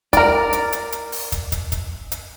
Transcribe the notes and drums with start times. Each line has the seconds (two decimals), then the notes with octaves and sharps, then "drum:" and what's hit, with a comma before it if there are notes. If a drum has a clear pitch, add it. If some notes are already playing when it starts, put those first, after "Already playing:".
0.13 A#4 D5, drum: kick, hi-hat
0.53 drum: hi-hat
0.73 drum: hi-hat
0.92 drum: hi-hat
1.12 drum: open hi-hat
1.32 drum: kick, hi-hat
1.52 drum: kick, hi-hat
1.72 drum: kick, hi-hat
2.12 drum: hi-hat